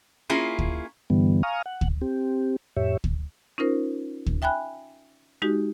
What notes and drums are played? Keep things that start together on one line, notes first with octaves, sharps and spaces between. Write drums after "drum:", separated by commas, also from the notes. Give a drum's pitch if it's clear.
A#3 C#4 E4 F4 G#4
drum: kick
G2 D3 E3 G3 B3
F5 G#5 A#5 C#6 D#6 F6
F#5
drum: kick
C4 G4
F2 A2 G4 C#5 E5
drum: kick
C#4 D#4 F4 A#4 C5
drum: kick
E5 G5 G#5 B5 F#6
G#3 D#4 F#4 G4